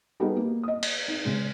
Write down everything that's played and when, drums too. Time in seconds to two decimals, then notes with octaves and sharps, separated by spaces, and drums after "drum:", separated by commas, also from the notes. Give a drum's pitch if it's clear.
0.20 G3 B3 D#4 F#4 G#4 A4
0.37 A#3
0.63 D#5 D#6
0.83 drum: cymbal
1.08 D#4
1.25 C#3 G#3